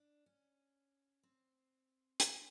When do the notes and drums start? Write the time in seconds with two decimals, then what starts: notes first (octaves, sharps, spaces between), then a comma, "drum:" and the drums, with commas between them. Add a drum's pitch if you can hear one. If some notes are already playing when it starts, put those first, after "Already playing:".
Already playing: D4
0.26 C#4
1.23 C4
2.20 drum: hi-hat